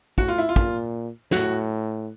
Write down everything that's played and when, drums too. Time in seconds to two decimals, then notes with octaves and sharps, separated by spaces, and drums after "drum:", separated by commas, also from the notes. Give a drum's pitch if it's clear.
0.18 A2 F#4, drum: kick
0.28 F4
0.38 E4
0.49 F4
0.56 A#2, drum: kick
1.31 A2 F#4, drum: snare